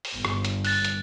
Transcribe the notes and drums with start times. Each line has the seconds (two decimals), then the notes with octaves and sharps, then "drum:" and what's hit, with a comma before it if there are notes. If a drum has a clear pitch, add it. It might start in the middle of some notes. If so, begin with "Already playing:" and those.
0.05 drum: open hi-hat
0.14 G1
0.25 drum: rim click
0.45 drum: hi-hat
0.65 F#6 A6, drum: open hi-hat
0.84 drum: hi-hat